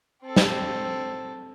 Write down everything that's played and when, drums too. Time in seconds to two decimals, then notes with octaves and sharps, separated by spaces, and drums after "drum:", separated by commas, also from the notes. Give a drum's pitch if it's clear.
0.22 C4 A4
0.36 drum: snare